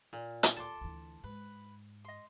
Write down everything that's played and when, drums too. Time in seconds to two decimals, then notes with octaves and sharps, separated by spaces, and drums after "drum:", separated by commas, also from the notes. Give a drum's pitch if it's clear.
0.13 A#2
0.43 drum: hi-hat
0.56 D#2 A4 A5 C6 D6
0.81 D2 E3
1.24 G#2 B4
2.05 D#5 C6